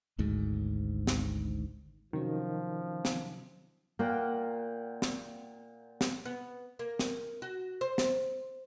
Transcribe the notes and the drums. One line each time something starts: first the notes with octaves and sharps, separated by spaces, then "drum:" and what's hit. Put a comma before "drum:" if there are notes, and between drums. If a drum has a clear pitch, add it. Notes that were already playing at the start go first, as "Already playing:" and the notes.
G#1 D2 G#2
drum: snare
C3 D#3 F3 F#3 C#4
drum: snare
A#2 A#3 F#5 G5
drum: snare
drum: snare
B3
A#3
drum: snare
F#4
C5
drum: snare